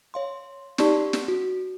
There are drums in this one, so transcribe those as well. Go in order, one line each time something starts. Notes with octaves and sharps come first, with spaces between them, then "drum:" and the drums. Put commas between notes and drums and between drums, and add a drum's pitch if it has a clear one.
C#5 F5 C6
D#4 G4 D5 A5 C6 C#6, drum: snare
drum: snare
F#4